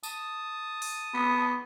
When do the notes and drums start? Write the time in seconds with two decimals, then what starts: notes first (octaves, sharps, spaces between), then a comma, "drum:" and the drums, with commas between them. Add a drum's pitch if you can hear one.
0.03 A5 D#6, drum: tambourine
0.82 drum: open hi-hat
1.14 B3